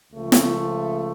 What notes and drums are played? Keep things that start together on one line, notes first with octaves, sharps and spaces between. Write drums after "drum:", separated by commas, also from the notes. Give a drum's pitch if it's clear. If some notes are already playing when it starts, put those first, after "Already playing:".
C#2 C#3 F3 A3
drum: snare